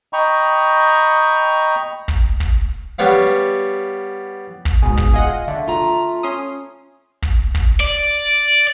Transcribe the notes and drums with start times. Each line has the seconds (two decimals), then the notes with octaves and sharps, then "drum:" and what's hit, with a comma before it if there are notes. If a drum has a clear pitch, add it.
0.13 D#5 G5 A#5 B5 C#6
2.08 drum: kick
2.40 drum: kick
2.99 G3 B3 C#5 F5
4.65 drum: kick
4.82 G#2 B2 G#4
4.97 drum: kick
5.13 F4 G#4 D#5 F#5
5.48 D3 A3
5.68 F4 A#5
6.23 C#4 C6 D#6
7.22 drum: kick
7.55 drum: kick
7.80 D5